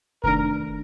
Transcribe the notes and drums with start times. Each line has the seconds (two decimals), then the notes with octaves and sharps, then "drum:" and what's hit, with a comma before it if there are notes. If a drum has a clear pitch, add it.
0.24 C3 D#3 A3 D4 A#4, drum: kick F1